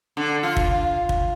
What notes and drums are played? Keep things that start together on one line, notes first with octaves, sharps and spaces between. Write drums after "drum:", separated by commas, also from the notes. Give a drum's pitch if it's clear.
D3
F4
drum: kick
drum: kick